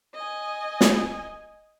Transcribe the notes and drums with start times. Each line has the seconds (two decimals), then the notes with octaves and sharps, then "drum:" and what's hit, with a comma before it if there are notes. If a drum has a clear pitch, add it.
0.15 D#5 G#5
0.81 drum: snare